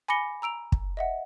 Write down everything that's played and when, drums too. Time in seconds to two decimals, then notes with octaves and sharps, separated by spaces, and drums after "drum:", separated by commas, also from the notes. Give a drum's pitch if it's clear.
0.08 G#5 B5 D6 A#6 C#7 G7
0.42 A#5 E6 D7 F7
0.72 drum: kick
0.97 D#5 E5 F#5